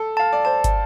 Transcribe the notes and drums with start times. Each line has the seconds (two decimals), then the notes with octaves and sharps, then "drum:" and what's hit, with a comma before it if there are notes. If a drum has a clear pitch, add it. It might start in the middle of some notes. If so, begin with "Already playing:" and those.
Already playing: A4
0.17 F5 A5
0.33 D5
0.45 C5 A5
0.64 drum: kick, hi-hat